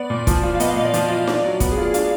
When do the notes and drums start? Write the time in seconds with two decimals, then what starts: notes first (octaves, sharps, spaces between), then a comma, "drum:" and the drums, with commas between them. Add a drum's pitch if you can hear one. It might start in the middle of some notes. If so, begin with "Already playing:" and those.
Already playing: B3 D5
0.10 A#2
0.27 F3, drum: kick, hi-hat
0.43 F4
0.55 F5
0.60 B3 D#5, drum: hi-hat
0.68 F5
0.76 A#2 D#5
0.85 D5
0.94 F3, drum: hi-hat
1.10 F4
1.27 D4, drum: snare
1.44 F#3
1.60 B3, drum: kick, hi-hat
1.72 G#4
1.78 F4
1.83 G#4
1.94 D4 F5, drum: hi-hat